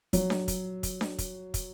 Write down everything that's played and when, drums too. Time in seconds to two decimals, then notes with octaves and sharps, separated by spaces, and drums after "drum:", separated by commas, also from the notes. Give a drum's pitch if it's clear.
0.13 F#3, drum: kick, hi-hat
0.30 drum: snare D4
0.48 drum: kick, hi-hat
0.83 drum: kick, hi-hat
1.01 drum: snare D4
1.18 drum: kick, hi-hat
1.54 drum: kick, hi-hat